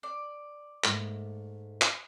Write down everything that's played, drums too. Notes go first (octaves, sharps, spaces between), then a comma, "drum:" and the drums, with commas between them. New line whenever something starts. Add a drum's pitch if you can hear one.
D5
G#2 A3 A#3, drum: clap
drum: clap